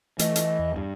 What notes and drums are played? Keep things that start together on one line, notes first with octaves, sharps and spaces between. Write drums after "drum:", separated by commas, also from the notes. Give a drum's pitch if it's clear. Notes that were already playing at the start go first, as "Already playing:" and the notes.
E3 A3 D#5, drum: hi-hat
drum: hi-hat
E2
G2